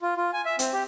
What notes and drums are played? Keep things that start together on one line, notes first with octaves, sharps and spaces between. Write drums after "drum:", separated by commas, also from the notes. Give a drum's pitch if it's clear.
F4
F4
G#5
E5
C4, drum: hi-hat
G4